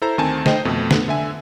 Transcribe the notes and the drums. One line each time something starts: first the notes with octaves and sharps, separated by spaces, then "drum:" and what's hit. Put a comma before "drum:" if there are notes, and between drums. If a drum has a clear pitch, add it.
E4 A4 C5 A#5
D2 D#3 C4 G#5 A5
C5 D#5 G5, drum: snare
F2 B2 A3
B3, drum: snare
D3 E5 G#5